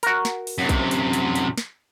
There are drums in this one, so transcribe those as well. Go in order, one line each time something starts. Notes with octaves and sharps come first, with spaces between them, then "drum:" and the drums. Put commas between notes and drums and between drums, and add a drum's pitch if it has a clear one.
F#4 A#4, drum: hi-hat
drum: snare
drum: open hi-hat
F#2 C3
drum: kick A#1, hi-hat
drum: hi-hat
drum: hi-hat
drum: hi-hat
drum: snare